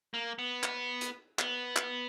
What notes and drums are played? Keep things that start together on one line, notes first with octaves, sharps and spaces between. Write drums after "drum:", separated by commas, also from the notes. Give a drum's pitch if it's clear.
A#3
B3
drum: clap
drum: hi-hat
B3, drum: clap
drum: clap